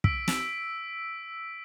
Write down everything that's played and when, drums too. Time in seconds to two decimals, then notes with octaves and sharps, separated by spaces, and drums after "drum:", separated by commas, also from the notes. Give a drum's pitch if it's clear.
0.04 E6 B6 D7, drum: kick
0.28 drum: snare